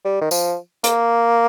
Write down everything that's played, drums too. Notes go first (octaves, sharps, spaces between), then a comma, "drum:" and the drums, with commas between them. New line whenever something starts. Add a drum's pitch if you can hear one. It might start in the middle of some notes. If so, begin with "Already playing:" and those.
G3
D#3
F3, drum: tambourine
A#3, drum: hi-hat